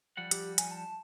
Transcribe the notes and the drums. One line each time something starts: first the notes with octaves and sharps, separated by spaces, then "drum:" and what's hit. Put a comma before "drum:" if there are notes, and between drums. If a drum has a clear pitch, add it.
F3 G3 F#5
G4, drum: hi-hat
G#5, drum: hi-hat
A5